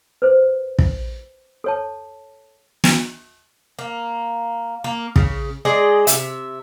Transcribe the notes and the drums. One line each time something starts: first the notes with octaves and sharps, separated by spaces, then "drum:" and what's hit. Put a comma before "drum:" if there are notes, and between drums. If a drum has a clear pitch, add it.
B4 C5
drum: kick
A4 C#5 A5
drum: snare
A#3
A#3
C#3, drum: kick
G#3 G#4 D5 D#5
C3 E5, drum: hi-hat